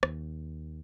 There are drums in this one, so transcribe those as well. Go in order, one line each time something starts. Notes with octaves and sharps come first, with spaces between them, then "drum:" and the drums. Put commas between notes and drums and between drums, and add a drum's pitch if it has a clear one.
D#2, drum: rim click